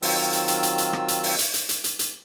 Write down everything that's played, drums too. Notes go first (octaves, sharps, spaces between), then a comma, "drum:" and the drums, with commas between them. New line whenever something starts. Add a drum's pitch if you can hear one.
D#3 F#3 C4 F4 E6, drum: open hi-hat
drum: hi-hat
drum: hi-hat
drum: hi-hat
drum: hi-hat
drum: rim click
drum: hi-hat
drum: open hi-hat
drum: hi-hat
drum: hi-hat
drum: hi-hat
drum: hi-hat
drum: hi-hat